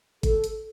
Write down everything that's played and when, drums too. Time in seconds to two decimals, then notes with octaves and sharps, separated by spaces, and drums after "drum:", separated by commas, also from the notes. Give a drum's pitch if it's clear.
0.23 A4, drum: kick, hi-hat
0.44 drum: hi-hat